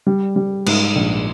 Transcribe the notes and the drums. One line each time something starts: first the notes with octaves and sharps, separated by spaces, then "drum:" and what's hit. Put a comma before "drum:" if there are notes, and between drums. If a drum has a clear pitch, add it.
G3
G3
G#2, drum: cymbal
A#1